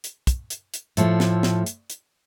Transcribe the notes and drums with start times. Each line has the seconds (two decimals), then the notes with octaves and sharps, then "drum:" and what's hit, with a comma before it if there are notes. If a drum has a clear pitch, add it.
0.04 drum: hi-hat
0.27 drum: kick, hi-hat
0.50 drum: hi-hat
0.74 drum: hi-hat
0.97 A2 F3 A3, drum: hi-hat
1.20 drum: snare
1.43 drum: snare
1.66 drum: hi-hat
1.90 drum: hi-hat